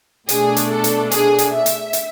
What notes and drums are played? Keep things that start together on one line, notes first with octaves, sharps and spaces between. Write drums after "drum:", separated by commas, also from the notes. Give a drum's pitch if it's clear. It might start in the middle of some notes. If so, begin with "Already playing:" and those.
B2 A3 D4 G#4, drum: hi-hat
drum: hi-hat
A4
drum: hi-hat
G#4, drum: hi-hat
drum: hi-hat
E5
drum: hi-hat
drum: hi-hat